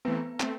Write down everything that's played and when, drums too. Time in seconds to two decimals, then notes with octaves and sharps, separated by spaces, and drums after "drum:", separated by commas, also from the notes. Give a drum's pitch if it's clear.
0.05 E3 A3 B3 C4 B4
0.40 A3 C4, drum: clap